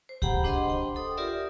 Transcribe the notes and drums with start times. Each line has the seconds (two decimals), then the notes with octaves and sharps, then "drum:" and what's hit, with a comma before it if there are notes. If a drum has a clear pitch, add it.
0.09 C5
0.22 G4 G#4 F#5 G5 A#5 B5, drum: kick C#2
0.44 D4 C5 D#5 F#5 B5 C6
0.68 C5 G5 C6
0.96 A4 D#6
1.17 F4 G4 A#4 D5 E5